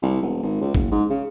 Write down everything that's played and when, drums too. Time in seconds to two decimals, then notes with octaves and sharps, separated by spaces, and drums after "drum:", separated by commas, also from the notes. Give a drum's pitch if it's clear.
0.02 C2
0.22 E1
0.43 G#1
0.61 C#2
0.75 F#1, drum: kick A1
0.91 G#2
1.10 C#3